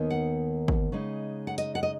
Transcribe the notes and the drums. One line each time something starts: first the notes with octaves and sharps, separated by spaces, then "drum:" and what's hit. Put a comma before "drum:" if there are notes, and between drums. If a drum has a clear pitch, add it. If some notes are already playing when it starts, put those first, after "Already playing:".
Already playing: D#2 D#3 B3 D#4
F#5
drum: kick
C#3 G#3 D#4
F#5
D#5, drum: hi-hat
F#5
D#5